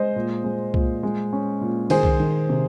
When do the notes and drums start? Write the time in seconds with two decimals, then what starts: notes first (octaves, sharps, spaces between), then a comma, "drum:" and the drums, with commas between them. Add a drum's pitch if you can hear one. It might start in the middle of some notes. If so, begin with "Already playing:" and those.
Already playing: G#3 C5 D#5
0.16 A#2
0.44 G#3
0.74 A#2, drum: kick C2
1.03 G#3
1.33 C#4
1.61 A#2
1.90 D#3 G#4 C5, drum: cymbal
2.03 drum: kick C2
2.20 D#3
2.49 C3